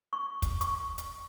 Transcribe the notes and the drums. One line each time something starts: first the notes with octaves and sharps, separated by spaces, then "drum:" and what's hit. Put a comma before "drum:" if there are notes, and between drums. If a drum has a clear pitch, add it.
C#6
drum: kick, hi-hat
C#6, drum: hi-hat
drum: hi-hat